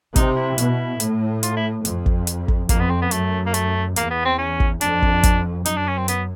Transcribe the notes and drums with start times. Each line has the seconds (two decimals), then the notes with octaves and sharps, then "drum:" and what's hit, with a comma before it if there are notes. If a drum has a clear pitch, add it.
0.16 C3 D#4, drum: kick, hi-hat
0.36 E4
0.58 B2, drum: hi-hat
1.00 A2, drum: hi-hat
1.43 F4, drum: hi-hat
1.57 E4
1.85 F2, drum: hi-hat
2.06 drum: kick
2.27 drum: hi-hat
2.48 drum: kick
2.69 F2 A#3, drum: kick, hi-hat
2.80 B3
2.90 C4
3.02 B3
3.11 F#2 A3, drum: hi-hat
3.46 A#3
3.54 A3, drum: hi-hat
3.96 E2 A#3, drum: hi-hat
4.10 B3
4.25 C4
4.39 C#4
4.60 drum: kick
4.81 F2 D4, drum: hi-hat
5.02 drum: kick
5.23 drum: kick, hi-hat
5.65 F#2 D#4, drum: hi-hat
5.76 D4
5.87 C#4
5.98 C4
6.08 B3, drum: hi-hat